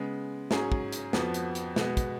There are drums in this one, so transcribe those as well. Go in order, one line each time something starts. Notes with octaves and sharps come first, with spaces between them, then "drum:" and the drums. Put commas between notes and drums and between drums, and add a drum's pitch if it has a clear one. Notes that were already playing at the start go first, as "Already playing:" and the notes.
Already playing: C#3 G#3 B3
G#2 F#3 C#4 G#4, drum: snare
drum: kick
drum: hi-hat
F2 F3 B3 F#4, drum: snare
drum: hi-hat
drum: hi-hat
B2 G#3 B3, drum: snare
drum: kick, hi-hat